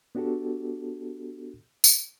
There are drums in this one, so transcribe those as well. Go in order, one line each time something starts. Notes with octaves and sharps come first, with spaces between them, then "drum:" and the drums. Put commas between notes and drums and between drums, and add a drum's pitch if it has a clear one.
B3 D4 F#4 G4 A4
drum: tambourine